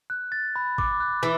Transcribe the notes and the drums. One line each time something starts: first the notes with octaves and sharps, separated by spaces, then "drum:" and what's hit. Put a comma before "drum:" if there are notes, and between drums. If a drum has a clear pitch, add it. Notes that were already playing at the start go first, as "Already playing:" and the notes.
F#6
A6
B5
D6, drum: kick G#1
F#6
E3